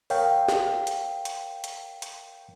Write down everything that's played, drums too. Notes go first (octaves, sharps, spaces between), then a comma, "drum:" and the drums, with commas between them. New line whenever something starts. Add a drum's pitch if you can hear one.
A#4 C#5 F5 G5, drum: open hi-hat
drum: snare
drum: hi-hat
drum: hi-hat
drum: hi-hat
drum: hi-hat